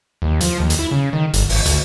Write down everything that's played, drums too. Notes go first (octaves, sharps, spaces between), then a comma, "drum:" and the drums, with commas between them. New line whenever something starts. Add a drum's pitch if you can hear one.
D#2
F3, drum: hi-hat
D#2
drum: hi-hat
E4
C#3
D#3
G1, drum: hi-hat
G#1, drum: open hi-hat
D2, drum: hi-hat